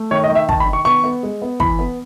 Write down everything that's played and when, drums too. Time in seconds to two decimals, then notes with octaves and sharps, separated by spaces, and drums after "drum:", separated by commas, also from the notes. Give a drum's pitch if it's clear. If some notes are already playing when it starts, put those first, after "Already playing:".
Already playing: A3
0.11 D#3 C#5
0.24 D#5
0.30 D#3
0.35 E5
0.49 D#3 A5, drum: kick
0.60 B5
0.66 D#3
0.73 C#6
0.85 B3 C#6
1.04 B3
1.23 G#3
1.42 B3
1.60 E3 B5, drum: kick
1.79 B3